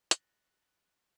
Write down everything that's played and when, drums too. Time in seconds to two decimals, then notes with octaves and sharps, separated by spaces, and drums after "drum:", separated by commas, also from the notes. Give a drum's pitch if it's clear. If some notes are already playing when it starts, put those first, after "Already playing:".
0.11 F#6 A6 A#6, drum: hi-hat